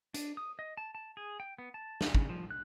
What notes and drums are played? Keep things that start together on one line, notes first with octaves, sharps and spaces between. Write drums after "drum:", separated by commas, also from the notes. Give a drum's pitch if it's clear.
D4, drum: hi-hat
D#6
D#5
A5
A5
G#4
G5
B3
A5
drum: snare
C#3, drum: kick
F3
F#6